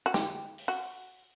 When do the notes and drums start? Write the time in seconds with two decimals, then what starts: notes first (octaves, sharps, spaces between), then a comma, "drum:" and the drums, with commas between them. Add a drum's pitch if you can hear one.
0.06 F#4
0.14 G4, drum: snare
0.58 drum: open hi-hat
0.68 F#4